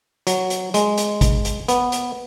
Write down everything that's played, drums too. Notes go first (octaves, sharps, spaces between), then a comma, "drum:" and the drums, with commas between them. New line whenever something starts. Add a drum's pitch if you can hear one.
F#3, drum: hi-hat
drum: hi-hat
G#3, drum: hi-hat
drum: hi-hat
drum: kick, hi-hat
drum: hi-hat
B3, drum: hi-hat
drum: hi-hat